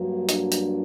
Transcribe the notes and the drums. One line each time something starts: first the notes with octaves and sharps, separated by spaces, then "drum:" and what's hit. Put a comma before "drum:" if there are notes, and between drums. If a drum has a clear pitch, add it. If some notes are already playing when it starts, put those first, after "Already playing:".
Already playing: G2 F#3 A#3
D4, drum: hi-hat
drum: hi-hat